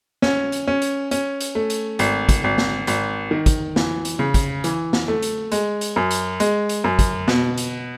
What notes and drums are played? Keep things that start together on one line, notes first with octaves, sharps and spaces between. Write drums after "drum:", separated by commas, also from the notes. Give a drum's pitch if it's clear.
C#4, drum: snare
drum: hi-hat
C#4
drum: hi-hat
C#4, drum: hi-hat
drum: hi-hat
A3
drum: hi-hat
G#1, drum: hi-hat
drum: kick, hi-hat
G#1
drum: snare
G#1, drum: hi-hat
D#3
drum: kick, hi-hat
E3, drum: snare
drum: hi-hat
C#3
drum: kick, hi-hat
E3, drum: hi-hat
drum: snare
A3
drum: hi-hat
G#3, drum: hi-hat
drum: hi-hat
F#2
drum: hi-hat
G#3, drum: hi-hat
drum: hi-hat
F#2
drum: kick, hi-hat
B2, drum: snare
drum: hi-hat